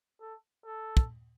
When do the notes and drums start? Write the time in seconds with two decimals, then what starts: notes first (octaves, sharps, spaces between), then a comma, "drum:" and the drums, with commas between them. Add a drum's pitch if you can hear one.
0.21 A4
0.65 A4
0.97 drum: kick